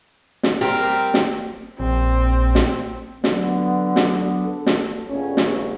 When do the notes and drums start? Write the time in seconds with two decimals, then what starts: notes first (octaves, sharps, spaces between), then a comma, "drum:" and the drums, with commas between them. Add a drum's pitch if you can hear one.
0.43 drum: snare
0.61 G3 C4 G4 A#4
1.14 drum: snare
1.79 A#1 C4
2.55 drum: snare
3.24 D3 F#3 B3, drum: snare
3.96 drum: snare
4.46 A4
4.66 drum: snare
5.09 G1 C#3 C#4
5.37 drum: snare